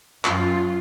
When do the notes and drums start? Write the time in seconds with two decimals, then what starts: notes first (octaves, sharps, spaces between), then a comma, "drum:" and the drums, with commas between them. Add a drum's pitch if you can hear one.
0.25 F#2 F4, drum: clap